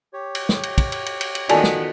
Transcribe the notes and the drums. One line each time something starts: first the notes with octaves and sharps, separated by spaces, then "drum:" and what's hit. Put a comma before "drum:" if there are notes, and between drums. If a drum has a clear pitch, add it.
G4 C#5
drum: cymbal
drum: snare
drum: cymbal
drum: kick, cymbal
drum: cymbal
drum: cymbal
drum: cymbal
drum: cymbal
D#3 B3 F4 F#4 A4 D5 G#5 A5, drum: cymbal
drum: snare